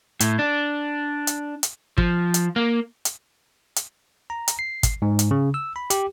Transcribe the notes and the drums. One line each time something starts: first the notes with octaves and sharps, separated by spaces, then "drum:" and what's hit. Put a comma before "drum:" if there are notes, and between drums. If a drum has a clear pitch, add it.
A2, drum: hi-hat
D4
drum: hi-hat
drum: hi-hat
F3, drum: kick
drum: hi-hat
A#3
drum: hi-hat
drum: hi-hat
A#5
drum: hi-hat
C7
drum: kick, hi-hat
G#2
drum: hi-hat
C#3
E6
B5
G4, drum: hi-hat